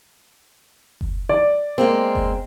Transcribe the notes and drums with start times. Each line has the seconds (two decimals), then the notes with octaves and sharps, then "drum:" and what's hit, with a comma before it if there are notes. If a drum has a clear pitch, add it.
1.01 drum: kick F#1
1.29 D5
1.78 G#3 A#3 C4
2.15 drum: kick F#1